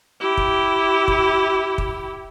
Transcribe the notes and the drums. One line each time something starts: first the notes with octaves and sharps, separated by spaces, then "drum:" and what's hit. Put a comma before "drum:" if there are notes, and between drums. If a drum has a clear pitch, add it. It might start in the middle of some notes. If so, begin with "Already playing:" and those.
E4 G4
drum: kick
drum: kick
drum: kick